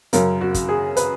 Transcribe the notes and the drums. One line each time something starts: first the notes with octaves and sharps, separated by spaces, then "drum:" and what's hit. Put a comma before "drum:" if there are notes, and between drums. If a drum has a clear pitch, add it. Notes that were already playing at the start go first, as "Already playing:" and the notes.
F#2 C#3 A#4, drum: hi-hat
F#4
drum: kick, hi-hat
G#4
B4, drum: hi-hat